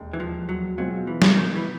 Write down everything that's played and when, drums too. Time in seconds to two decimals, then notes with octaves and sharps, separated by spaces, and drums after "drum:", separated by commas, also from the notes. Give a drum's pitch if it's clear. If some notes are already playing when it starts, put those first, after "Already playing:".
Already playing: E1 D#2
0.13 E3
0.20 F3
0.49 F#3
0.78 B2 F#3 G#3 C4 F4
1.07 E3
1.22 drum: snare
1.36 D#3
1.56 E3